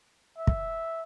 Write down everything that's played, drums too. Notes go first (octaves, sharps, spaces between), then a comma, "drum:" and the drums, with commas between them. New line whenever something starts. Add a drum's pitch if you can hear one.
E5
drum: kick